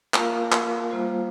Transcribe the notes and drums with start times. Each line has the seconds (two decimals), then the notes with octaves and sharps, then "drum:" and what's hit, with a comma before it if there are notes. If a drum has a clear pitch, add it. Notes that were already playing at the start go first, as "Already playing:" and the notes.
0.14 A#3 F4 A#4 F5, drum: clap
0.52 drum: clap
0.90 G3 A#3 F4 C5 F5